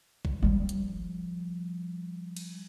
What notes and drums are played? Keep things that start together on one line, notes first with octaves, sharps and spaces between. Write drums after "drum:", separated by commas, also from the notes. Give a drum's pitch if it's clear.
drum: kick A#1
F3 G3, drum: tom F#3
drum: hi-hat
drum: cymbal